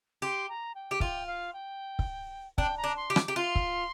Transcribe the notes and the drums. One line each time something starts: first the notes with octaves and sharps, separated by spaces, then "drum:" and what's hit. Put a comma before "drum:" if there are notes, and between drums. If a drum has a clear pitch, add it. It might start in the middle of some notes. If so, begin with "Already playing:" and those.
G4 C6
A#5
G5
G4
F4 G5, drum: kick
F5
G5
drum: kick
D4 G5, drum: kick
A#5
D4
C6
G4
D6, drum: rim click
G4
F4 C6
drum: kick